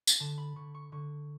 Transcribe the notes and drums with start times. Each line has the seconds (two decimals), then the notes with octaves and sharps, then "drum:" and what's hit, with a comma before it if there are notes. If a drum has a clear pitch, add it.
0.07 drum: tambourine
0.20 D3 A5
0.38 B5
0.56 D3 C#6
0.74 C#6
0.92 D3 C#6